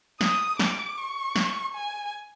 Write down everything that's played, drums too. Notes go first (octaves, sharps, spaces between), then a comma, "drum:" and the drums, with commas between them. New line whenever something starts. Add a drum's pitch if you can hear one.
D#6, drum: snare
D6, drum: snare
C#6
drum: snare
G#5